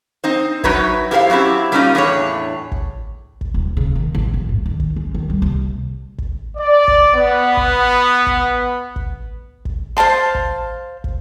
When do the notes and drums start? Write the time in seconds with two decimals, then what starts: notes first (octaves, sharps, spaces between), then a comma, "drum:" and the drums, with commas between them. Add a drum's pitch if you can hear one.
0.24 C4 D#4 C5
0.63 F#3 D#4 F#4 B4 C#5 E5, drum: kick
1.11 E4 F4 G4 B4 C5 F5
1.30 F#3 C4 C#4 E4 G4
1.72 G3 A3 A#3 C#4 D#4 F4
1.95 E2 A2 D4 G#4 C#5
2.72 drum: kick
3.41 drum: kick
3.54 D#1
3.77 C#3
3.95 D#3
4.15 A1
4.34 A#1
4.49 G2
4.66 D#3
4.80 drum: kick
4.96 C#4
5.15 D#3
5.30 G3
5.42 C2
6.18 drum: kick
6.57 D5
6.88 drum: kick
7.14 B3
7.57 drum: kick
8.27 drum: kick
8.96 drum: kick
9.65 drum: kick
9.97 C5 F5 A5 C6
10.35 drum: kick
11.04 drum: kick